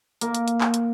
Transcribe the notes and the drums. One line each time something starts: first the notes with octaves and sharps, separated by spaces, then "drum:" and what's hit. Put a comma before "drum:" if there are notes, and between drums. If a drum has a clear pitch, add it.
A#3, drum: hi-hat
drum: hi-hat
drum: hi-hat
drum: clap
drum: hi-hat